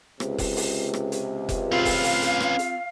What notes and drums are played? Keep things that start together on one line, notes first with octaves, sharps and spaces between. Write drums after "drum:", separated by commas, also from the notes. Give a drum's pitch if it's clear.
C#2 C3, drum: rim click
drum: kick F1, open hi-hat
drum: open hi-hat
drum: rim click
drum: hi-hat
drum: kick F1, hi-hat
C4 C#4 F4 B4 F5
drum: kick F1, open hi-hat
drum: open hi-hat
drum: hi-hat
drum: rim click
drum: hi-hat